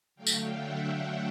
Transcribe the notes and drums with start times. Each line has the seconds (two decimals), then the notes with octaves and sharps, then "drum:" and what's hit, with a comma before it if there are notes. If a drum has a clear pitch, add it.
0.16 D3 F#3 A3 F5 G5
0.27 drum: tambourine
0.52 E5 F#5
0.88 E5 F#5